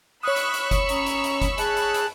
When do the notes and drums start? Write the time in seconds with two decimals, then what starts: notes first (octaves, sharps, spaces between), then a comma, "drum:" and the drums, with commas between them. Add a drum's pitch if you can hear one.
0.23 C#5 B5 C#6 D#6 E6 F#6
0.36 drum: hi-hat
0.54 drum: hi-hat
0.71 drum: kick F#1, hi-hat
0.89 C#4 A#5, drum: hi-hat
1.06 drum: hi-hat
1.24 drum: hi-hat
1.42 drum: kick F#1, hi-hat
1.58 G#4 A5 F#6, drum: hi-hat
1.77 drum: hi-hat
1.94 drum: hi-hat